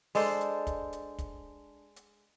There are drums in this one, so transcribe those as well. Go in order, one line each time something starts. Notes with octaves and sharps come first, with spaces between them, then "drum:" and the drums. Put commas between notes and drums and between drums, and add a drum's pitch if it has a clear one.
G#3 D4 A4 C5, drum: open hi-hat
drum: hi-hat
drum: kick, hi-hat
drum: hi-hat
drum: kick, hi-hat
drum: hi-hat